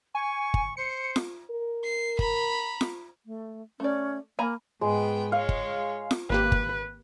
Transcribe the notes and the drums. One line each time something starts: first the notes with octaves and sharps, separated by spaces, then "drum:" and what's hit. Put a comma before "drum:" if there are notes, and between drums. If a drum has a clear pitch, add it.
G#5 C#6
drum: kick G1
C5 C#7
drum: snare
A#4
C7
A#5 B5, drum: kick G1
drum: snare
A3
A3 C#4 D5
A#3 G#5 A#5 B5
G#2 G#3 B3 G5
G#3 C#5 F5
drum: kick G1
drum: snare
G#1 A#3 G4 B4
drum: kick G1